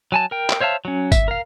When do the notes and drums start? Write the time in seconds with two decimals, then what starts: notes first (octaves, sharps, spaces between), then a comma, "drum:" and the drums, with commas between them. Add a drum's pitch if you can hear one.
0.12 F#3 G#5 A5
0.31 A#4 G5
0.50 drum: clap
0.61 C5 C#5 E5 F5 A5
0.85 F#3 C#4
1.12 E5, drum: kick, tambourine
1.28 A#4 F5